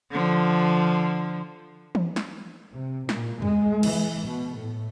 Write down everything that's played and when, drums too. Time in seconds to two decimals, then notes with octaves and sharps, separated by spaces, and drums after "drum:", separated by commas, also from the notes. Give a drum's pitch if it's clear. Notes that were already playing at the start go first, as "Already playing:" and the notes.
0.11 D3 F3
1.95 drum: tom E3
2.16 drum: snare
2.73 C3
3.09 A#2, drum: snare
3.42 G#3, drum: tom E2
3.83 E3, drum: cymbal
4.27 B2
4.57 A2